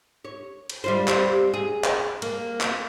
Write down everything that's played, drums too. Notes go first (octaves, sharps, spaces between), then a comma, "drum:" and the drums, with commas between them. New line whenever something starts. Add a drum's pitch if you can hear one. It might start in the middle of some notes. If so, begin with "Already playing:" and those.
C#5
drum: cymbal
G3 F4 C5
G3 C4, drum: clap
G#4
drum: clap
A#3, drum: cymbal
drum: clap